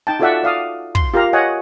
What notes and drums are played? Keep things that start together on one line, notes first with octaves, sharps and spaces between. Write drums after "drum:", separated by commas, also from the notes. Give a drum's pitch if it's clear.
D#4 G5 A5
F4 F#4 A4 D5 E5 F#5
D5 F5 D#6
C6, drum: kick
F4 G4 A#4 F5 A#5
C#5 D#5 F#5 G#5